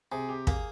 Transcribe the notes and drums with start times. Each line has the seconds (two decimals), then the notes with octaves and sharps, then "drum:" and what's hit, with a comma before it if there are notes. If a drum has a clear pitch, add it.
0.12 C3 G#4
0.29 G4
0.47 A#3 G#4, drum: kick